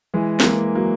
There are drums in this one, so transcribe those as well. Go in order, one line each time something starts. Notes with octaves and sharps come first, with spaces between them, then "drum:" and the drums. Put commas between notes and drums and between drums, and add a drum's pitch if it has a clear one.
E3 G#3
A#3, drum: snare
E3 G#3
F#3 A#3